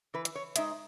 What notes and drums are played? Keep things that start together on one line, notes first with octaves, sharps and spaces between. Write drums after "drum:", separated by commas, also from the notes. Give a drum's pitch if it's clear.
E3 B4
drum: hi-hat
C#5
G#3 D#4 E5, drum: hi-hat